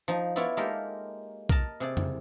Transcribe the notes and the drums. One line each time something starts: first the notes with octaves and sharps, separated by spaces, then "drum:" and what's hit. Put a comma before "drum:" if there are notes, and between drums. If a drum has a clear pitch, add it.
F3 D#4
B3 E4 F4 C#5 D5
G#3 A#3 D#4 G4 A4 A#4
A#4 D#5 A5, drum: kick B1
C3 G#4 D5
drum: tom